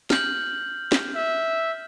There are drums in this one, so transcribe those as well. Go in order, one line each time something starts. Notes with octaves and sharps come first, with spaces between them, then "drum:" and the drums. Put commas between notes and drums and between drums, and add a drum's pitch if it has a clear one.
F6 G6 F#7, drum: snare
drum: snare
E5